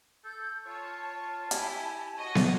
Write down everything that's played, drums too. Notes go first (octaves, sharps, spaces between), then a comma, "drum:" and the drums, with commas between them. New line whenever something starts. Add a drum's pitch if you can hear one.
A4 G6
F4 C#5 A5
A5
E4 G4 G#5, drum: hi-hat
F#4 C#5 D#5
drum: snare B3